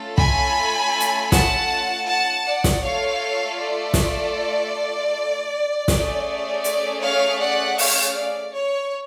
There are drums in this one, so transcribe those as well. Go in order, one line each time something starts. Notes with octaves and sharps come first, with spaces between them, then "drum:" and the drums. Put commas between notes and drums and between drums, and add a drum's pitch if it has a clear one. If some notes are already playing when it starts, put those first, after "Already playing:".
Already playing: A3 C#4 F4 A4
G#5 B5, drum: kick
drum: hi-hat
F#5 A5, drum: snare
F#5 A5
D5 F#5
drum: snare
A3 F4 A4 C#5 F5
D5
drum: snare
A3 C#4 G#4, drum: snare
D5, drum: hi-hat
C#5 F5
D5 F#5
C#5 F5, drum: open hi-hat
D5
C#5